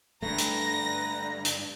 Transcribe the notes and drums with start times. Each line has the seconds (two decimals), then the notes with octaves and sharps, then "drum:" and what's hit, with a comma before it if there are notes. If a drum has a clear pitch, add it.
0.22 G2 D3 A3 B4 A#5 A#6
0.38 drum: hi-hat
1.45 drum: hi-hat